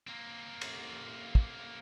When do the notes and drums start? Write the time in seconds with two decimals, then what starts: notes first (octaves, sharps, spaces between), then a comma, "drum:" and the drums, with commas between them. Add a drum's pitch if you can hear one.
0.07 A#3 C4
0.61 drum: cymbal
1.35 drum: kick